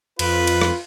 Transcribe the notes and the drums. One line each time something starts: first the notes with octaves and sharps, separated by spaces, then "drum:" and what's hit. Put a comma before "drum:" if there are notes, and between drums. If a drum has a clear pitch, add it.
F2 F4 B4, drum: cymbal
drum: cymbal
drum: rim click